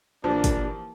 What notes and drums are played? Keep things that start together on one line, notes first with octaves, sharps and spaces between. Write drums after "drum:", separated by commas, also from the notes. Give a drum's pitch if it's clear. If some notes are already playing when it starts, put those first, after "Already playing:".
A#1 E3 F3 A#3 D4 G4
drum: kick, hi-hat